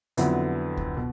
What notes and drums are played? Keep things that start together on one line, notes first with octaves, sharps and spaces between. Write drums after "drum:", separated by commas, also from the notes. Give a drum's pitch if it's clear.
F2 D3 F#3 B3 E4, drum: hi-hat
drum: kick C#2
B2